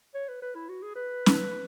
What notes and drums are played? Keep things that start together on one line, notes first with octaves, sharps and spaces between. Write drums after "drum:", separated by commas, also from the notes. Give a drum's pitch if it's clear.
C#5
B4
B4
E4
F#4
G#4
B4
drum: snare C#4